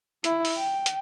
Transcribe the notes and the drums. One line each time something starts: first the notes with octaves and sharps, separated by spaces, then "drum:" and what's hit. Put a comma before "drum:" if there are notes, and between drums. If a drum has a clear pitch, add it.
E4, drum: hi-hat
drum: open hi-hat
G5
drum: hi-hat